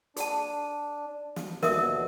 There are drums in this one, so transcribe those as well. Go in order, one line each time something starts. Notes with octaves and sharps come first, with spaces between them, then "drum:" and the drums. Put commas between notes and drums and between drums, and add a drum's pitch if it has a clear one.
D4 G#4 A5, drum: hi-hat
drum: snare
D#2 B2 D3 A#4 E5 D#6, drum: snare